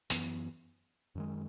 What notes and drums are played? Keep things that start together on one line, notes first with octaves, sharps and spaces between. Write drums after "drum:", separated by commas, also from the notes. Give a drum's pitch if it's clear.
F#2 E3 B3, drum: tambourine
F#2 D#3 G#3